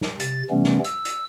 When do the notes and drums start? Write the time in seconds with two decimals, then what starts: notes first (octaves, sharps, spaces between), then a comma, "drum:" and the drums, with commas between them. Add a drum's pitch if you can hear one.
0.01 drum: snare
0.20 C3 A6, drum: hi-hat
0.50 C3 E3 G3 A3 B3 C#4
0.64 drum: snare
0.84 E6, drum: hi-hat
1.05 drum: hi-hat